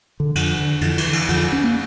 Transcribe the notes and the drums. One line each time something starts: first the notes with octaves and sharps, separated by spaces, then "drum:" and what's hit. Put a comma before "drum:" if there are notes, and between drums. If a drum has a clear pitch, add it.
D3
F2 D3, drum: cymbal
D3
F2 D3 E3, drum: cymbal
E3, drum: cymbal
D3
E3, drum: cymbal
F2 D3 F3, drum: cymbal
C#4
A#3